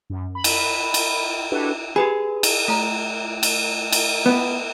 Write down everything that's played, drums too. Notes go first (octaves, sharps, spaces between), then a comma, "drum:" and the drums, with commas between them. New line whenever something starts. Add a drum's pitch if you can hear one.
F#2
B5
drum: cymbal
drum: cymbal
D4 E4 F#4 G4 A4 B4
G4 G#4 B4 B5
drum: cymbal
A3 A#5
drum: cymbal
drum: cymbal
B3